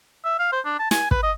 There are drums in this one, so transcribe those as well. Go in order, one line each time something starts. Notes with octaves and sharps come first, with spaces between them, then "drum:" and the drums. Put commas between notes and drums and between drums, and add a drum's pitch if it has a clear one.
E5
F5
C5
D4
A5
G#5, drum: snare
B4, drum: kick
D#5